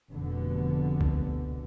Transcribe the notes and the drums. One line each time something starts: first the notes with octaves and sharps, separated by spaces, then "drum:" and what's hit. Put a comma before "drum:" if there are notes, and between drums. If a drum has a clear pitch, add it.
F1 B2 D3 B3
drum: tom C#2